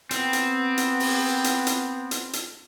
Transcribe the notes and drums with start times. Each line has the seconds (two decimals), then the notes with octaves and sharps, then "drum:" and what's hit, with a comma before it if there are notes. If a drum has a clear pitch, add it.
0.11 B3 C4, drum: hi-hat
0.33 drum: hi-hat
0.78 drum: hi-hat
1.00 drum: open hi-hat
1.44 drum: hi-hat
1.67 drum: hi-hat
2.11 drum: hi-hat
2.33 drum: hi-hat